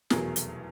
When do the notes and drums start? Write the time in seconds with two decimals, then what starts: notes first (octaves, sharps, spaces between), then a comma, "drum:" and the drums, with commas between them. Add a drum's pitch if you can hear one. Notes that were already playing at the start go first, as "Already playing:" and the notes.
0.10 F1 E2 B2 F#3 A3 G#4 A#4, drum: snare
0.36 drum: hi-hat